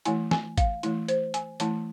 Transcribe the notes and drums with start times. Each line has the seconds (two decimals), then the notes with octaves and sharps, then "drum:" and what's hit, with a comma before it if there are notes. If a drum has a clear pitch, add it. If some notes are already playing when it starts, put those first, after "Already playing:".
0.05 E3 A3 E4 G#5, drum: hi-hat
0.31 G#5, drum: snare
0.58 F5, drum: kick G#1, hi-hat
0.83 E3 A3 E4, drum: hi-hat
1.08 C5, drum: hi-hat
1.34 G#5, drum: hi-hat
1.60 E3 A3 E4 A5, drum: hi-hat